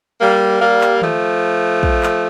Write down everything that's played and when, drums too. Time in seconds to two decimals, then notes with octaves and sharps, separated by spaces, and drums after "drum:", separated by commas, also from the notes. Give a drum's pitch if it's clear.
0.20 G3 A#3
0.60 G3 A#3
0.81 drum: clap
1.02 F3 A3, drum: tom D#3
1.83 drum: kick
2.03 drum: clap